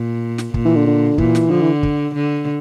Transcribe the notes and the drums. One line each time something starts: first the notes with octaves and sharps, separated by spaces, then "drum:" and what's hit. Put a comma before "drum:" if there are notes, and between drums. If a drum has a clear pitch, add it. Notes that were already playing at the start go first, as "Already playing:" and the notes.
Already playing: A#2
drum: snare
A#2, drum: kick
E3
D3
D3
A#2 E3, drum: kick
drum: snare
D3 F3
E3
drum: kick
D3